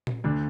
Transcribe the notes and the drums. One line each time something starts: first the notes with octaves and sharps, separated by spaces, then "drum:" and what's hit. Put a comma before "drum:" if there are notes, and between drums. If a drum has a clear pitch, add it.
drum: tom A#2
D2 D3 D4